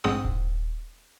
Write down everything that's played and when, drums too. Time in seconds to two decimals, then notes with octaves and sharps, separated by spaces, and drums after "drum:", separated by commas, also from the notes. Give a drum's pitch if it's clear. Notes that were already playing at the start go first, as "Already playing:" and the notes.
0.04 A#1 G#2 C4 F#5 D#6
0.25 drum: kick D#1